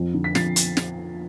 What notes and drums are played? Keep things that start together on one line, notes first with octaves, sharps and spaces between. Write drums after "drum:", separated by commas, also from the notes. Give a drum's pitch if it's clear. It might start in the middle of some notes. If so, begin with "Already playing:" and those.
Already playing: F2
D3
B6
F2 A6 C7, drum: snare
drum: hi-hat
drum: snare